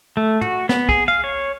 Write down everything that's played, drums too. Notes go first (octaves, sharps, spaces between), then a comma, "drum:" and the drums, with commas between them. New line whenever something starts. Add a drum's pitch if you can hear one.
A3
F#4, drum: tom
B3, drum: snare
G#4, drum: kick
F5
C#5